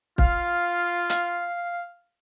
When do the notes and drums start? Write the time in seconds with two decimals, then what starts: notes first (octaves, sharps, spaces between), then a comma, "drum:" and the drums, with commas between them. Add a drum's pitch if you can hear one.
0.18 F4 F5, drum: kick
1.10 F5, drum: hi-hat